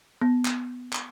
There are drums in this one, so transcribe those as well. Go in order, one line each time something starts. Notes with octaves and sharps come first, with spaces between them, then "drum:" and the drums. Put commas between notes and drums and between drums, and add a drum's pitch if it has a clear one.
B3
drum: clap
drum: clap